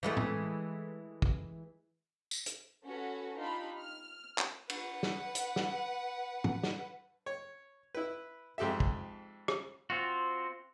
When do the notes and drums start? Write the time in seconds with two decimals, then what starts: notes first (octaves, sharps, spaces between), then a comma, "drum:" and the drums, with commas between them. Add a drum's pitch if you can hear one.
0.03 E3 G#3 A3
0.17 drum: tom A2
1.22 drum: kick
2.31 drum: tambourine
2.46 drum: hi-hat
2.86 C#4 F#4 A4 B4
3.39 D4 D#4 F4 G4 B5
3.79 F6
4.38 drum: clap
4.70 B4 F#5, drum: cymbal
5.03 drum: snare
5.35 drum: hi-hat
5.56 drum: snare
6.44 drum: tom
6.63 drum: snare
7.26 C#5
7.95 E4 B4
8.58 F2 G#2 G4 A4 E5
8.80 drum: kick
9.48 drum: rim click
9.90 C4 F4 F#4